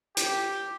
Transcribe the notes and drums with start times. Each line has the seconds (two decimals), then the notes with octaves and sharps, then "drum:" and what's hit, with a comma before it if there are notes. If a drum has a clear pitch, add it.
0.17 G4, drum: hi-hat